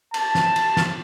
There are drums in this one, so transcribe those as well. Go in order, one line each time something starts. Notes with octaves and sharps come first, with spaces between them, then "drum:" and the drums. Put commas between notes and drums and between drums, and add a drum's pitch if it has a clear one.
A5, drum: cymbal
drum: snare
drum: cymbal
drum: snare